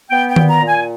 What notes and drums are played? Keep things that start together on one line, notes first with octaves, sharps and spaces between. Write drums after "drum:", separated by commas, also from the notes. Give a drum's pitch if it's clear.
B3 G5
G5
A#2, drum: tom D#3
A#5
A#2
G#5